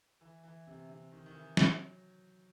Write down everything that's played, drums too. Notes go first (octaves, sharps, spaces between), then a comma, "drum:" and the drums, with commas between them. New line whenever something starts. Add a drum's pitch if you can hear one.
E3
E3
C3
C3
D#3
D#3
E3
F#3, drum: snare